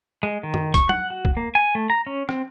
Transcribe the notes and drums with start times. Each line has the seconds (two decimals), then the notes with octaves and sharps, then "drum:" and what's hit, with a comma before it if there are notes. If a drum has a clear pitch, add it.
0.23 G#3
0.43 D#3
0.54 drum: tom
0.74 C#6, drum: kick, hi-hat
0.89 F#5, drum: tom F#3
1.10 F#4
1.25 drum: kick
1.37 A#3
1.55 G#5
1.75 A3
1.90 A#5
2.07 C#4
2.29 C4, drum: rim click